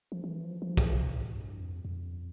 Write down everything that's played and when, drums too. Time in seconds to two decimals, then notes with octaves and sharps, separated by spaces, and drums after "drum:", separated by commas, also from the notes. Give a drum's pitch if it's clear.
0.12 F3
0.24 F3
0.28 E3
0.45 F3
0.62 F3
0.77 E3, drum: kick
0.95 C3
1.11 A2
1.35 G2
1.60 F2
1.85 F2